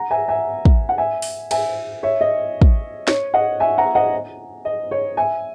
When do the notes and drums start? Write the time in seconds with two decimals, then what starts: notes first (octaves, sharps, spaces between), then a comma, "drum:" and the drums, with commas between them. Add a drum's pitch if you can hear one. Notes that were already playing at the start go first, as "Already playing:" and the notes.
Already playing: F#5 A#5
0.11 E5 G#5
0.28 E5 G#5
0.65 drum: kick
0.89 F#5
0.98 E5 G#5
1.22 drum: open hi-hat
1.51 E5 G#5, drum: cymbal
2.03 C#5 E5
2.21 D#5
2.62 drum: kick
3.08 C#5, drum: snare
3.34 D#5 F#5
3.60 E5 G#5
3.78 F#5 A#5
3.95 D#5 F#5
4.65 D#5
4.91 C#5
5.17 E5 G#5